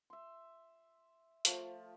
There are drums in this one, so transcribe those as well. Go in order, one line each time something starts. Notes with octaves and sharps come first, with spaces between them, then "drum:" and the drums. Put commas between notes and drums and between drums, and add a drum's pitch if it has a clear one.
E5 C6
F3 A3 F4, drum: hi-hat